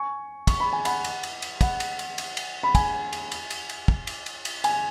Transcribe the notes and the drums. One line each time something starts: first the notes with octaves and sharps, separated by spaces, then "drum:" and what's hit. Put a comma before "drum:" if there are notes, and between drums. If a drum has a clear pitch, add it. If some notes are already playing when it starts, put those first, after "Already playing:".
Already playing: G#5 C#6
C#6, drum: kick, cymbal
B5
G#5
F#5 B5, drum: cymbal
drum: cymbal
drum: cymbal
drum: cymbal
F#5 B5, drum: kick, cymbal
drum: cymbal
drum: cymbal
drum: cymbal
drum: cymbal
B5
G#5, drum: kick, cymbal
drum: cymbal
drum: cymbal
drum: cymbal
drum: cymbal
drum: kick
drum: cymbal
drum: cymbal
drum: cymbal
G#5, drum: cymbal